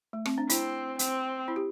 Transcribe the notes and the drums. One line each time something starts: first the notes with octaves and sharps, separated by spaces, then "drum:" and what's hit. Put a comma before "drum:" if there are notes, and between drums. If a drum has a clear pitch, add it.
A3
C4, drum: rim click
D4
C4 E4, drum: hi-hat
C4, drum: hi-hat
E4
G4